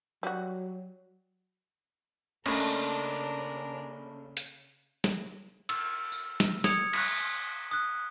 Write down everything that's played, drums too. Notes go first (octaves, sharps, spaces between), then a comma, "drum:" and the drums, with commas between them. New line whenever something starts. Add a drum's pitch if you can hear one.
F#3 G3 F#4
C#3 A3 A#3 C#4 D4 A#4 B5, drum: cymbal
drum: hi-hat
drum: snare
E6 F6, drum: cymbal
drum: tambourine
drum: snare
D#6 G#6 C#7 F7, drum: snare
F#6 B6, drum: cymbal
D#6 F#6